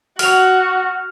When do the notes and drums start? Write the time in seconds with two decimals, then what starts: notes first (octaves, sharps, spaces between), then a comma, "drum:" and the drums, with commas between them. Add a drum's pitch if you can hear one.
0.19 F#4 F6 F7, drum: open hi-hat